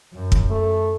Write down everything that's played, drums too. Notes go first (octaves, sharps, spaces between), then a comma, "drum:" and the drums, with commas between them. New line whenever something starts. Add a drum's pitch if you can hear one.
F#2
drum: kick
A3